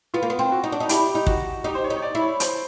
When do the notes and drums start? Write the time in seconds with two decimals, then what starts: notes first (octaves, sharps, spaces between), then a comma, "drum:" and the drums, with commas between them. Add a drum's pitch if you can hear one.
0.14 B3 F4
0.22 A#3
0.30 B3
0.39 C4
0.52 F#4
0.64 D#4
0.72 D4
0.80 D#4
0.89 E4 G4, drum: hi-hat
1.15 D#4
1.26 F#4, drum: kick
1.64 D#4 G4
1.75 C5
1.84 C#5
1.90 D#4
1.97 C#5
2.02 D5
2.15 E4
2.22 C#5
2.40 C5, drum: hi-hat